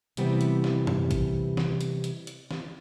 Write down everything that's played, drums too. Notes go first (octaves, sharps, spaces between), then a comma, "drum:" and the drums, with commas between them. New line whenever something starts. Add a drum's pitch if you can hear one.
C3 E3 G3 B3 C4, drum: hi-hat
drum: hi-hat
drum: snare
drum: tom F#2
drum: kick, hi-hat
drum: snare
drum: hi-hat
drum: hi-hat
drum: hi-hat
drum: snare